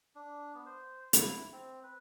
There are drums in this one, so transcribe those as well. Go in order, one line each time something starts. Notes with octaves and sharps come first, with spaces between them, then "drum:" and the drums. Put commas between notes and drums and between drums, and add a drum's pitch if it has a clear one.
D4
B3
C5
E4, drum: hi-hat
C4
B4